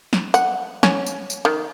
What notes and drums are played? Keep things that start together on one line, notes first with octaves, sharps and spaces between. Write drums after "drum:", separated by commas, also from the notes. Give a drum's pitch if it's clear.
drum: snare
F#5, drum: tambourine
C#4, drum: snare
drum: tambourine
drum: tambourine
D#3